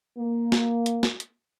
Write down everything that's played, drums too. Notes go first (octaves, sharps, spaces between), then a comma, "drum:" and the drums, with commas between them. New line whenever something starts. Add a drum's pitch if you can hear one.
A#3
drum: snare
drum: hi-hat
drum: snare
drum: hi-hat